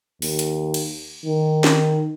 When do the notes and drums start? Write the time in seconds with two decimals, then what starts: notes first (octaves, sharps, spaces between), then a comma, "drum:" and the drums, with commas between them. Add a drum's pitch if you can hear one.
0.22 D#2, drum: open hi-hat
0.39 drum: hi-hat
0.74 drum: cymbal
1.26 D#3
1.64 drum: snare